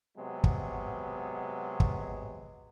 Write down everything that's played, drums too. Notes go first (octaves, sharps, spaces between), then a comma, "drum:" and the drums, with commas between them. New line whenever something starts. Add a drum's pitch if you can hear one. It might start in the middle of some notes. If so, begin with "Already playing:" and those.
C3 F#3 G#3 B3
drum: kick
drum: kick